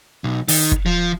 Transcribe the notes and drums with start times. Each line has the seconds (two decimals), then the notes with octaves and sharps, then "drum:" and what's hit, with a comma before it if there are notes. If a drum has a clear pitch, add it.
0.24 B1
0.48 D#3, drum: open hi-hat
0.72 drum: kick
0.86 F3